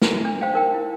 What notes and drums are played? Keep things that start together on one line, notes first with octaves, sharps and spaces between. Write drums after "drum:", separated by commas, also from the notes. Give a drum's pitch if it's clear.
drum: snare
D4
C5 F5 G5
D#4 A#4 G5
E4